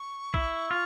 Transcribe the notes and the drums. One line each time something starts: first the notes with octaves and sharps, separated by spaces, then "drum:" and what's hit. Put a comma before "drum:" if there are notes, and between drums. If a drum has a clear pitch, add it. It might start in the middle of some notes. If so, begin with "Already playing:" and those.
Already playing: C#6
E4, drum: kick
F4